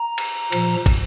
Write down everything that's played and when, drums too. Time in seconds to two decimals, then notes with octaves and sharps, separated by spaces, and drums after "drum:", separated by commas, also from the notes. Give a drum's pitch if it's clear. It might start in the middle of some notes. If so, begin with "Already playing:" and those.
Already playing: A#5
0.18 drum: cymbal
0.52 A#2 F3, drum: cymbal
0.86 drum: kick, cymbal